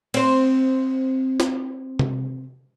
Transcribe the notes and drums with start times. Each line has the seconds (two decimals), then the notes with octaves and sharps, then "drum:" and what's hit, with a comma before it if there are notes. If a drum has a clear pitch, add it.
0.14 C4 C5, drum: cymbal
1.40 drum: snare
1.99 drum: tom C3